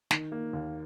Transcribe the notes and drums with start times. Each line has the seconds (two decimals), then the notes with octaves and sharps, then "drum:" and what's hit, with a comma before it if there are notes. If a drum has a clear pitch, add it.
0.11 D#3, drum: snare
0.32 A#3
0.53 D#2